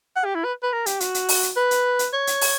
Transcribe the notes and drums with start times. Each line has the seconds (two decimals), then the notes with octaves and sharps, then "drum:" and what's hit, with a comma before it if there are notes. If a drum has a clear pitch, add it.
0.16 F#5
0.25 G4
0.35 E4
0.44 B4
0.63 B4
0.73 A#4
0.86 G4, drum: hi-hat
1.00 F#4, drum: hi-hat
1.14 drum: hi-hat
1.29 drum: open hi-hat
1.43 drum: hi-hat
1.56 B4
1.71 drum: hi-hat
1.99 drum: hi-hat
2.13 C#5
2.27 drum: hi-hat
2.41 drum: open hi-hat